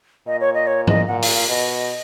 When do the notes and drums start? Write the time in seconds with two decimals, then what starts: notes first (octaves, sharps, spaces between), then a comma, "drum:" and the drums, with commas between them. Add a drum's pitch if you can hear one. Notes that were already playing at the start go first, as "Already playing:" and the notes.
0.27 A#2 D#5
0.41 C#5
0.55 D#5
0.67 C#5
0.87 D#5, drum: tom G#2
1.08 A#2 F#5
1.22 F5, drum: open hi-hat
1.35 F5
1.49 B2 D#5